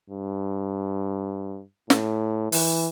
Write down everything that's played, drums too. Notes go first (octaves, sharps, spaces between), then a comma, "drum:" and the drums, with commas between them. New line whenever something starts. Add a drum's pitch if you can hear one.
G2
A2, drum: snare
E3, drum: open hi-hat